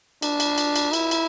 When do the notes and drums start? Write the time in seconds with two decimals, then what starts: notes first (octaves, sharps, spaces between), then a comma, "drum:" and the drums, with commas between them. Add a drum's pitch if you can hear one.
0.22 D4, drum: cymbal
0.40 drum: cymbal
0.58 drum: cymbal
0.76 drum: cymbal
0.93 E4, drum: cymbal
1.11 drum: cymbal